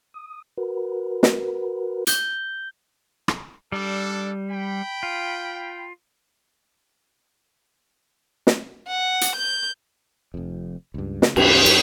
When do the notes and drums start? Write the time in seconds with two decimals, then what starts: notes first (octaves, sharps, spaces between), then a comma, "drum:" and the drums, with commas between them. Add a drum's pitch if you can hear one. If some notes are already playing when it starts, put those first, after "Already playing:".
0.14 D#6
0.57 F#4 A#4 B4
1.23 drum: snare
2.07 G6 G7, drum: hi-hat
3.28 drum: rim click
3.72 G3 D4 A4
4.49 G5 B5
5.03 F4
8.47 drum: snare
8.88 F#5
9.21 drum: hi-hat
9.36 G6
10.34 F1 F2
10.94 C#2 G2
11.22 C#3, drum: snare
11.36 C2 F#2 D#3 B3, drum: cymbal
11.66 F#2, drum: cymbal